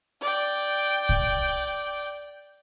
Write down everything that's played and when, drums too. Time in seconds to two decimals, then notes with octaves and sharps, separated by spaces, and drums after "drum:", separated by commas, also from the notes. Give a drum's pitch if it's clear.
0.22 D5 G5
1.09 drum: kick B1